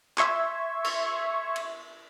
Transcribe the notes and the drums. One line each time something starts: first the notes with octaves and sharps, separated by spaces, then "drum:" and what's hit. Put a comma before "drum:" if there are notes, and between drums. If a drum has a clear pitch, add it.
E5 C6 C#6 G#6, drum: clap
drum: cymbal
drum: cymbal